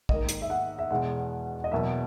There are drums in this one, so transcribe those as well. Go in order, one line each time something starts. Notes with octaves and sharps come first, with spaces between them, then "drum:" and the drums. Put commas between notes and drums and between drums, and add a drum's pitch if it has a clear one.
G#2 D#3 A#3 D#5, drum: kick
drum: hi-hat
E5
F#5
E5
E2 B2 G#3 F#5
D#5
E2 B2 F#3 A#3 E5